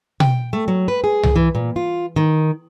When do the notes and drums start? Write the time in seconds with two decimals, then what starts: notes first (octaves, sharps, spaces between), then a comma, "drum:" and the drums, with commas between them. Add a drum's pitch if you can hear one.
0.20 G5, drum: tom B2
0.53 A3
0.68 F#3
0.88 B4
1.04 G#4
1.23 drum: tom C2
1.36 E3
1.55 A#2
1.76 F4
2.16 D#3